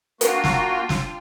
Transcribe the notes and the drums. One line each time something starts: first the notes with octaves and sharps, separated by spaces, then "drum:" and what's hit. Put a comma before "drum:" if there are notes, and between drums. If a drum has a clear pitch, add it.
A#3 D4 F4 F#4 G5, drum: hi-hat
drum: snare
drum: snare